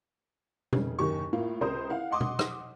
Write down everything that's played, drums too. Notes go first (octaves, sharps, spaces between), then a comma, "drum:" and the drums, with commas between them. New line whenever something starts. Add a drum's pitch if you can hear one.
F1 C#3 G3, drum: tom B2
F#1 D#2 G4 C#6
A2 A#3 F4
C#2 C3 A#4 C5 D#6
E4 F5 F#5
D#5 F#5 C6 D6 D#6
drum: tom B2
drum: rim click